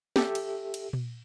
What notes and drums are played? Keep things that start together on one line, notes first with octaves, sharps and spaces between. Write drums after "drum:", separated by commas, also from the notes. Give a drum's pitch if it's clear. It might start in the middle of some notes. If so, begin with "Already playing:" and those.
G4 A4 E5, drum: snare
drum: cymbal
drum: cymbal
drum: tom A#2